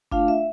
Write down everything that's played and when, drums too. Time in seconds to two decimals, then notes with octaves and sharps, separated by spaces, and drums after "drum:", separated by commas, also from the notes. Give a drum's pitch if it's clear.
0.11 A3 D4 F4 F5, drum: kick F#1
0.28 E5